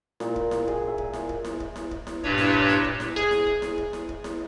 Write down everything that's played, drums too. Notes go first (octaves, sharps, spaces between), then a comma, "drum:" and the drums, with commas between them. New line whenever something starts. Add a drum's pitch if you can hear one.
A#2, drum: snare E4
drum: kick D1
drum: snare E4
G#4, drum: kick D1
E5
drum: kick D1
drum: snare E4
drum: kick D1
drum: snare E4
drum: kick D1
drum: snare E4
drum: kick D1
drum: snare E4
G2 A#2 D4 G4 B4 C#5, drum: kick D1
drum: snare E4
drum: kick D1
drum: snare E4
drum: kick D1
drum: snare E4
G#4, drum: kick D1
drum: snare E4
drum: kick D1
drum: snare E4
drum: kick D1
drum: snare E4
drum: kick D1
drum: snare E4